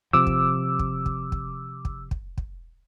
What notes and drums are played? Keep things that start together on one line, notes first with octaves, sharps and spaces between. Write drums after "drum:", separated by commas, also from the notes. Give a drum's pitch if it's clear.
C3 F3 D6 E6
drum: kick
drum: kick
drum: kick
drum: kick
drum: kick
drum: kick
drum: kick